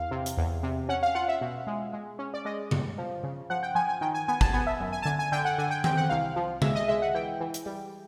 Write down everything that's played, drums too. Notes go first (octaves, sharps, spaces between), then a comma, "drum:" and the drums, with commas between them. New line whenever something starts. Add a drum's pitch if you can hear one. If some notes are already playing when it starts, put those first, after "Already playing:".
Already playing: E2 F5
C3
drum: hi-hat
E2
C3
C#4 F#5
F5
F4 F#5
E5
B2
G#3
G#3
C#4
D5
G#3 D#5
G2, drum: tom C#3
F3
C#3
F3 F#5
G5
F3 G#5
G#5
D#3 G5
G#5
B3 G#5
A5, drum: kick
B3 G#5
E5
F#2
G#5
A5
D3 G#5
G#5
D3 G5
F#5
D3 G#5
G5
C4 G5, drum: tom D#3
F#5
C2 F5
F3
G#3 E5, drum: tom C#3
D#5
G#3 E5
F#5
E3 G5
E3
drum: hi-hat
G3